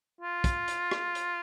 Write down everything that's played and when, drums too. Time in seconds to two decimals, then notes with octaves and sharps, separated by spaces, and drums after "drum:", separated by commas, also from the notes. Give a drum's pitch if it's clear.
0.21 F4
0.44 drum: kick, hi-hat
0.68 drum: hi-hat
0.91 drum: rim click
1.15 drum: hi-hat